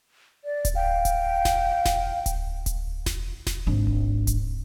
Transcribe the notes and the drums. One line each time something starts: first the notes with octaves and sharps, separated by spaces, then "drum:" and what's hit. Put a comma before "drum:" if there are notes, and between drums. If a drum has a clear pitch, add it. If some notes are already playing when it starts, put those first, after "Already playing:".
D5
drum: kick D1, hi-hat
F5 G5
drum: kick D1, hi-hat
drum: snare E1
drum: snare E1
drum: kick D1, hi-hat
drum: kick D1, hi-hat
drum: snare E1
drum: snare E1
G#1 D4
drum: kick D1
drum: kick D1, hi-hat